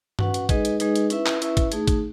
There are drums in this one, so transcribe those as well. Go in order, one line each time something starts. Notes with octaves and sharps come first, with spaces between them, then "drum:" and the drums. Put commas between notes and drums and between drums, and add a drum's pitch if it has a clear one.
C#4 F#4 B4 F#5, drum: tom G2
drum: hi-hat
G#3 D#4 G#4 B4 D#5, drum: kick G#1, hi-hat
drum: hi-hat
G#3 D#4 G#4 B4 D#5, drum: hi-hat
drum: hi-hat
C#4 E4 B4 E5, drum: hi-hat
drum: clap
C#4 E4 B4 E5, drum: hi-hat
drum: kick G#1, hi-hat
A3 D#4 G#4, drum: hi-hat
drum: kick G#1, hi-hat